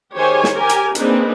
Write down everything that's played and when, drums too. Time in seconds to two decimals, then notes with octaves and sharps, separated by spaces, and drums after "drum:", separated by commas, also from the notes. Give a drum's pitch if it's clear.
0.16 D#3 G4 G#4 C5 C#5 G#5
0.44 drum: snare
0.53 G4 A#4 G#5
0.69 drum: hi-hat
0.95 A#3 C4 D4 D#4 G#4 B4, drum: hi-hat